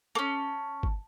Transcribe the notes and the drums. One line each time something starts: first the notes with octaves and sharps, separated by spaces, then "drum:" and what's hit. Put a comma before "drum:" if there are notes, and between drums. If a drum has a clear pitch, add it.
A#3 C#4 A5
drum: kick G1